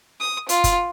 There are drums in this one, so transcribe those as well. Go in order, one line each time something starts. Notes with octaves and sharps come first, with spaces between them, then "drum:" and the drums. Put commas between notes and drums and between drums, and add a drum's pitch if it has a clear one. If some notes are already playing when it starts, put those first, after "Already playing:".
D#6
F4, drum: hi-hat
drum: kick F#1, hi-hat